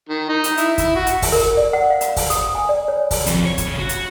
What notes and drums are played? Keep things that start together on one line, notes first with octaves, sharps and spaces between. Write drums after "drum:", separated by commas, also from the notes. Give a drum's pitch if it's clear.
D#3
D#4
drum: hi-hat
E4, drum: hi-hat
E4, drum: kick, hi-hat
F#4
drum: hi-hat
drum: kick, open hi-hat
A#4
D5
F#5
F5
drum: hi-hat
drum: kick, open hi-hat
D#6, drum: hi-hat
G#5
D5
C#5
drum: kick, open hi-hat
F2, drum: hi-hat
C#5
drum: kick, hi-hat
C#3
F#4
drum: hi-hat